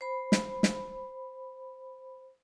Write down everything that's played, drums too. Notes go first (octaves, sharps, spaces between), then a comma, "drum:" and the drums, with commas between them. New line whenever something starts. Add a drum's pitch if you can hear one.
C5 B5
drum: snare
drum: snare